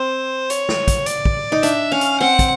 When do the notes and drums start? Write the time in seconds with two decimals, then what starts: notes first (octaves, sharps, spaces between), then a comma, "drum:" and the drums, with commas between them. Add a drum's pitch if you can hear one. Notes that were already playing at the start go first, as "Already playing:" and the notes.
Already playing: C4 C5
0.50 C#5, drum: hi-hat
0.69 drum: snare
0.88 drum: kick, hi-hat
1.06 D5, drum: hi-hat
1.25 drum: kick
1.52 D#4
1.63 D4 E5, drum: hi-hat
1.91 C#4 F5
2.01 drum: hi-hat
2.20 C4 F#5
2.39 drum: kick, hi-hat